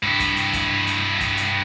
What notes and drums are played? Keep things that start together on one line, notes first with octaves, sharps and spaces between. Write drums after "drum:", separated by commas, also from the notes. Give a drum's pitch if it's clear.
G2 E4
drum: kick, hi-hat
drum: hi-hat
drum: kick, hi-hat
drum: hi-hat
drum: kick, hi-hat
drum: hi-hat